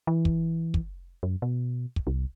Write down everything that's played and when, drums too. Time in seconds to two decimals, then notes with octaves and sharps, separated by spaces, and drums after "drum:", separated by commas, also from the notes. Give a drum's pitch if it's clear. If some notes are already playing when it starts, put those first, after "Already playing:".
0.07 E3
0.25 drum: kick
0.74 drum: kick
1.23 F#2
1.42 B2
1.96 drum: kick
2.07 C2